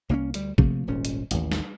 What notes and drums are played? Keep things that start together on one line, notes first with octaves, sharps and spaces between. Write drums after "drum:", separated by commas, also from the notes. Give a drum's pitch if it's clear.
C2 A#3 C4 C#4
D2 G3, drum: hi-hat
C3 F3 A3 A#3, drum: kick A1
D#1 G#1 A#2 C#4
drum: hi-hat
A1 D#2, drum: hi-hat
drum: snare